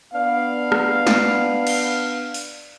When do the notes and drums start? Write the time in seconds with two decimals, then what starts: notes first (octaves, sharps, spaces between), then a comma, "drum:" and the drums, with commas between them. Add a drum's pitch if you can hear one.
0.13 B3 D4 F5
0.72 drum: rim click
1.07 drum: snare
1.67 drum: cymbal
2.34 drum: open hi-hat